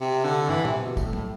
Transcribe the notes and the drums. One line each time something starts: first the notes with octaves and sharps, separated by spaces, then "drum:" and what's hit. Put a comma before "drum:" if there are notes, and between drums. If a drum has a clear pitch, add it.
C3
D3
E3, drum: tom
C3, drum: tom A#2
B2
A2, drum: kick, tambourine
A2, drum: tom